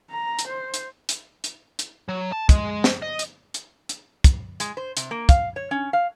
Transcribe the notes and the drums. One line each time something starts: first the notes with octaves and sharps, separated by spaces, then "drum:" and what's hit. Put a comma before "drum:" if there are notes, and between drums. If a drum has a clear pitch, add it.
A#5
drum: hi-hat
C5
drum: hi-hat
drum: hi-hat
drum: hi-hat
drum: hi-hat
F#3
A5
G#3, drum: kick, hi-hat
drum: snare
D#5
drum: hi-hat
drum: hi-hat
drum: hi-hat
drum: kick, hi-hat
G#3, drum: hi-hat
C5
C3, drum: hi-hat
A#3
F5, drum: kick, hi-hat
C#5
C#4
F5